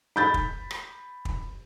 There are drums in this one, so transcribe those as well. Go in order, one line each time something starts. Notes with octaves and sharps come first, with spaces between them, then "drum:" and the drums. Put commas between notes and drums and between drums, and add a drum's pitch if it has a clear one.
B5 G6 A6
drum: kick
drum: rim click
drum: kick